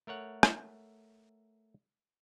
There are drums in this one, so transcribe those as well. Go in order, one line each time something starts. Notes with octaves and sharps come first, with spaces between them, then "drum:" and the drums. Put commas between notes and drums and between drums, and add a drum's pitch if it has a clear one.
A3 A#4 C#5 F#5
drum: rim click